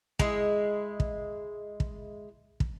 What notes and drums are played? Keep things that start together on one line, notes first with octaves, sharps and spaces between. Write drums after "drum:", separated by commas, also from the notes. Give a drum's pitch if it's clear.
G#3 E4, drum: kick
drum: kick
drum: kick
drum: kick